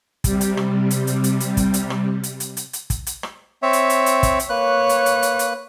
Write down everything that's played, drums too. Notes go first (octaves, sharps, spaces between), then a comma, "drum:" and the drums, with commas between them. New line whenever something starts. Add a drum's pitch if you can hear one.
C3 G3, drum: kick, hi-hat
drum: hi-hat
drum: rim click
drum: hi-hat
drum: hi-hat
drum: hi-hat
drum: hi-hat
drum: kick, hi-hat
drum: hi-hat
drum: rim click
drum: hi-hat
drum: hi-hat
drum: hi-hat
drum: hi-hat
drum: kick, hi-hat
drum: hi-hat
drum: rim click
C4 C#5 E5
drum: hi-hat
drum: hi-hat
drum: hi-hat
drum: kick, hi-hat
drum: hi-hat
A#3 B4 C#5 F#6
drum: hi-hat
drum: hi-hat
drum: hi-hat
drum: hi-hat